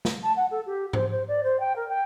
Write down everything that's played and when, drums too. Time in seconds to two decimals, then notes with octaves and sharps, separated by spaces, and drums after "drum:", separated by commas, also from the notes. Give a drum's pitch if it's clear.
0.05 drum: snare
0.22 A5
0.36 F#5
0.50 A4
0.66 G4
0.93 C5, drum: tom G#2
1.11 C5
1.28 D5
1.43 C5
1.60 G5
1.75 A#4
1.88 G5